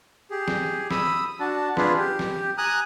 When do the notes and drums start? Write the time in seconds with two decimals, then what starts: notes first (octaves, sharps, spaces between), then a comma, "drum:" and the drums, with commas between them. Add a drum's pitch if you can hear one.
0.31 G4 G#4
0.48 drum: snare
0.91 B5 D#6 E6, drum: snare
1.40 D4 F#4 A5
1.77 D4 F4 G#4 B4, drum: snare
1.97 G4
2.19 drum: snare
2.58 G#5 A#5 D#6 F#6